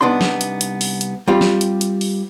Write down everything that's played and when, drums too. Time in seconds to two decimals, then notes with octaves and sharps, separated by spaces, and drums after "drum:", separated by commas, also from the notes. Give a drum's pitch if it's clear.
0.01 C2 B3 D4 D#4 C6
0.21 drum: snare
0.41 drum: hi-hat
0.61 drum: hi-hat
0.81 drum: open hi-hat
1.01 drum: hi-hat
1.28 G3 C4 F4 G4
1.41 drum: snare
1.61 drum: hi-hat
1.81 drum: hi-hat
2.01 drum: open hi-hat